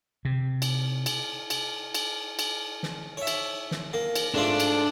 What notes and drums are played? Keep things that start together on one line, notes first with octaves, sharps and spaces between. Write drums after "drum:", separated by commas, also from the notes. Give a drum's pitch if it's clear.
C3
drum: cymbal
drum: cymbal
drum: cymbal
drum: cymbal
drum: cymbal
drum: snare
C#5 E5
drum: cymbal
drum: snare
A#3
drum: cymbal
G#2 A3 D4 F4
drum: cymbal